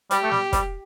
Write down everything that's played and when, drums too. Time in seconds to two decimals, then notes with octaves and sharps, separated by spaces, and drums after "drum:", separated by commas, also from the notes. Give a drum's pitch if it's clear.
0.11 G3 G4, drum: hi-hat
0.23 A3
0.31 G3, drum: snare
0.53 G3, drum: kick, hi-hat